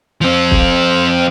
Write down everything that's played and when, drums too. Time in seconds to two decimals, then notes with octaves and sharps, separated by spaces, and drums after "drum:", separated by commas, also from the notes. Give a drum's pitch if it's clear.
0.21 F3 C4
0.51 drum: kick